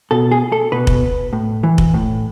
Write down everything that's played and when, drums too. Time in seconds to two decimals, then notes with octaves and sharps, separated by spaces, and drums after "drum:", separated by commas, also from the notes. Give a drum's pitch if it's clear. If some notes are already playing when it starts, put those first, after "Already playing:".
0.11 B2 A4
0.31 G#4
0.52 A4
0.72 B2 B4
0.87 drum: kick
1.33 A2
1.63 E3
1.78 drum: kick
1.94 A2